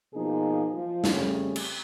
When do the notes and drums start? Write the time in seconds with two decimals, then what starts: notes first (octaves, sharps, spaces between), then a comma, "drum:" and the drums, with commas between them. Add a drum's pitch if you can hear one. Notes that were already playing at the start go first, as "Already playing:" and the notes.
0.14 B2 F3 A#3 D#4 G#4
0.73 F3
1.04 drum: snare
1.13 F2 C#3 G3 A3 C#4
1.56 drum: cymbal